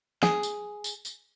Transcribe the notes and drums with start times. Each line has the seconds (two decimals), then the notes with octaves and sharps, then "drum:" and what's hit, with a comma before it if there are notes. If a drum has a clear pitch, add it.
0.23 G#4, drum: snare
0.43 drum: tambourine
0.84 drum: tambourine
1.05 drum: tambourine